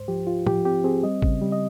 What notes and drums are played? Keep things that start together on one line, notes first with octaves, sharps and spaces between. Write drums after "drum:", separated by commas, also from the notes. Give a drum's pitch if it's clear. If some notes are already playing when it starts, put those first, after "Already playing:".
Already playing: C#2 G#2 C5
F3 G4
F4
F3 G4, drum: tom A2
C4 G4
C4 G#4
G3 D#5
C#3, drum: kick
G3
D#5